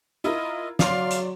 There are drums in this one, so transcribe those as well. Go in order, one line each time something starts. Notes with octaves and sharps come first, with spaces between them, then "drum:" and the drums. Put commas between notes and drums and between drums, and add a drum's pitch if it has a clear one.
E4 F4 A#4 D#5
F#3 D5 F5 C6, drum: snare
drum: hi-hat